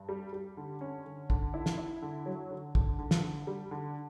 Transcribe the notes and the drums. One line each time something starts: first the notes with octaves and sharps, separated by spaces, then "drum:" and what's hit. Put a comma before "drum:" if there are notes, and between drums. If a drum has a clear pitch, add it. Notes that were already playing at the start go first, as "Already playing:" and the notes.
Already playing: G2
G3
G3
D3
C#4
D3
D3, drum: kick
E4
drum: snare
E4
D3
F#3
D3
D3, drum: kick
D3
drum: snare
D3
G3
D3